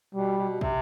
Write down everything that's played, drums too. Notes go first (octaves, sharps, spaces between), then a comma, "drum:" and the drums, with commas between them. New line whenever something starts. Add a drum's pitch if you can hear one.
B2 G3
B2
C3, drum: kick